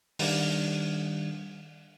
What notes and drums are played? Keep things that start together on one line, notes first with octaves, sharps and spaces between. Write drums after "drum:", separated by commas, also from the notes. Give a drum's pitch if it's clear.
D#3 G3 D4 D5, drum: open hi-hat